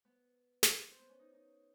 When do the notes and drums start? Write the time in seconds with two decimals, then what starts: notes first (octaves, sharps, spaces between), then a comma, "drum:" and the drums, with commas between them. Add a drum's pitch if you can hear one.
0.05 B3
0.63 drum: snare
0.91 C4
0.99 B3
1.09 C#4
1.19 D#4
1.34 D#4